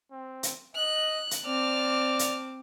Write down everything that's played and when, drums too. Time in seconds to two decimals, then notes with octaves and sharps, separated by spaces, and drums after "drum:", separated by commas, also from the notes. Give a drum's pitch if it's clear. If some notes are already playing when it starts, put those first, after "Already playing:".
0.12 C4
0.43 drum: hi-hat
0.76 D#5 F#6
1.31 drum: hi-hat
1.46 C4 D5 A5 D6 F6
2.19 drum: hi-hat